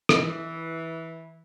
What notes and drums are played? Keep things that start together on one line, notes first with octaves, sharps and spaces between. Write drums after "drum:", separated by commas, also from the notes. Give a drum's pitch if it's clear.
drum: rim click
E3